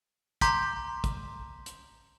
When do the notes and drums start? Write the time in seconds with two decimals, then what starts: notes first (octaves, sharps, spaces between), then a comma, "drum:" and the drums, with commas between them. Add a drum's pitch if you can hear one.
0.41 A#5 C6 D6 G6 B6, drum: kick, hi-hat
1.04 drum: kick, hi-hat
1.66 drum: hi-hat